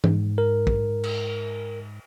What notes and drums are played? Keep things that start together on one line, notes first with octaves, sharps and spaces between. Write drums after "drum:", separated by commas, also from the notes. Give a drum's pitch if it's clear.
G#2, drum: tom E3
A#4
drum: kick
drum: cymbal